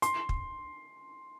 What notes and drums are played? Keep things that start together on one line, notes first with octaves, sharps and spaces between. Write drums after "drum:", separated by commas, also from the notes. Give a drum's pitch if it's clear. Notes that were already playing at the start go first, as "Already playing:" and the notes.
C6, drum: hi-hat
drum: kick